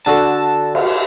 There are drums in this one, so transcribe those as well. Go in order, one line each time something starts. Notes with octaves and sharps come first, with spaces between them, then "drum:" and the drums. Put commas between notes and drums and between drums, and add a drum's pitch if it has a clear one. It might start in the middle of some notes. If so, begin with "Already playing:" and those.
D3 F#4 A4 A5
drum: cymbal